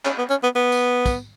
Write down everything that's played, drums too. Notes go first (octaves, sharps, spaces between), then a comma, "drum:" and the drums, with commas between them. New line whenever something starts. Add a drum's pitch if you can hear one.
C#4, drum: clap
B3
C#4
B3
B3
drum: tambourine
drum: kick, tambourine